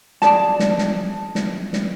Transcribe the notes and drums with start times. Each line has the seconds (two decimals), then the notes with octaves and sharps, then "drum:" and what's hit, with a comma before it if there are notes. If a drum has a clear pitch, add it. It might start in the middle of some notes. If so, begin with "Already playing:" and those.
0.22 G#4 D5 A5, drum: snare
0.59 drum: snare
0.78 drum: snare
1.35 drum: snare
1.73 drum: snare